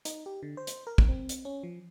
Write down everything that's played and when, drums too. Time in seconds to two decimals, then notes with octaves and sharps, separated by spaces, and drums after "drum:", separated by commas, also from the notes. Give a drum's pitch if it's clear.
0.05 D#4, drum: hi-hat
0.26 G4
0.43 D3
0.57 C5
0.67 drum: hi-hat
0.87 A#4
0.98 drum: kick
1.09 C4
1.29 drum: hi-hat
1.45 C#4
1.63 F3